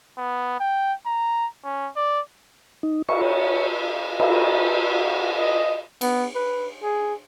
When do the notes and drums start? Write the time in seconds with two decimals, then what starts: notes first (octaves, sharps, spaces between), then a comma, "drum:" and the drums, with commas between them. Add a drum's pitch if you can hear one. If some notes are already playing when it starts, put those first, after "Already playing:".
0.18 B3
0.60 G5
1.06 A#5
1.64 C#4
1.96 D5
2.83 D#4
3.09 C#6, drum: cymbal
3.22 C#5
4.20 drum: cymbal
4.89 F#4
5.37 D#5
6.01 B3, drum: cymbal
6.36 B4
6.83 G#4